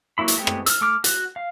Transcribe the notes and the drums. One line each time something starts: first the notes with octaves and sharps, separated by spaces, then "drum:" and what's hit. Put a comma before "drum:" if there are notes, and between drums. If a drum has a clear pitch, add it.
F#3 A#3 E4 B5
drum: hi-hat
G#3 A3 B3 C4 G4
drum: rim click
E6 F6, drum: hi-hat
A3 D6 F6
F#4 F#6, drum: hi-hat
F5